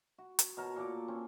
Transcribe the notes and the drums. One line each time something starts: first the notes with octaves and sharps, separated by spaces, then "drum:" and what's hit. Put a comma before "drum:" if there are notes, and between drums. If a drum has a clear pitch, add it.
F#4
drum: hi-hat
B2 A#4 C#5 A5
A#2 A#3 A4 D6
C4 C#4